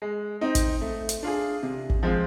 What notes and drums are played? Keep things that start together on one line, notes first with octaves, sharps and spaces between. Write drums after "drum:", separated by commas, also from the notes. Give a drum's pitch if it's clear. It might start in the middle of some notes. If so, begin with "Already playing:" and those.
G#3
C4 D#4
drum: kick, hi-hat
A3
drum: hi-hat
D4 F4 G#4
C3
drum: kick
F3 G#3 C4 F4